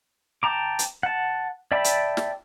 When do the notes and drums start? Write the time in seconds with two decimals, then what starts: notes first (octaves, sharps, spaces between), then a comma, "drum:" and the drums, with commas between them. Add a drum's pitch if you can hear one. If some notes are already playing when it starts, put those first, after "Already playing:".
0.43 G5 A5 A#5 D6
0.79 drum: hi-hat
1.03 F#5 A5
1.72 D5 E5 G5 A5 B5
1.84 drum: hi-hat
2.17 drum: snare